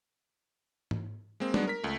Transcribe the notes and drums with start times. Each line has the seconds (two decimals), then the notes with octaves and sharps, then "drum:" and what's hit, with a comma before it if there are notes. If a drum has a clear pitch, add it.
0.91 drum: tom
1.40 G#3 A#3 C4
1.54 F#3 G#3 B3 D4, drum: tom G3
1.67 A#4 B6
1.83 C#2 A3